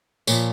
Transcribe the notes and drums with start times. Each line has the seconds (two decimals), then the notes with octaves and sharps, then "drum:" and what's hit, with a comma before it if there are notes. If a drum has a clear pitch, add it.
0.27 A#2 F3 C#5, drum: tambourine